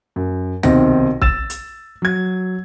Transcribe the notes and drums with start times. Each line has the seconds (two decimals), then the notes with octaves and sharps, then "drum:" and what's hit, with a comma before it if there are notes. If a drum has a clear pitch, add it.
0.16 F#2
0.63 B1 C3 D#3 C4 A#6, drum: tom D2
1.22 E6 A6 E7, drum: kick
1.50 drum: hi-hat
2.02 F#3 G#6